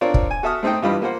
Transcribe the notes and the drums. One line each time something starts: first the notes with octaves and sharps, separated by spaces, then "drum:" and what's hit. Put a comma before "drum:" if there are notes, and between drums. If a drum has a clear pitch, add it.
C4 D4 F4 A#4 C#5 D5
drum: kick
G#5
F#4 A4 E5 D#6 F6
A3 C4 D#4 D#5 G5
G2 E3 F4 G4 D#5 B5
A#3 F4 C5 F#5